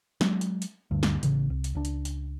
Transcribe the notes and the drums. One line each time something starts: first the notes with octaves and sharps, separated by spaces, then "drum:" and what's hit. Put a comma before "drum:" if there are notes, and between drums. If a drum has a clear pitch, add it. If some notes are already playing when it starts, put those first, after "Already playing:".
F#3 G#3, drum: snare
drum: hi-hat
drum: hi-hat
D2 G2
drum: snare
A1 C#3, drum: hi-hat
C2
drum: hi-hat
C#2 D4
drum: hi-hat
drum: hi-hat